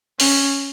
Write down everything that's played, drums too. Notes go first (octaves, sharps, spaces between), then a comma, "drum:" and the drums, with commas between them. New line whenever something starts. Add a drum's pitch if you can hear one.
C#4, drum: open hi-hat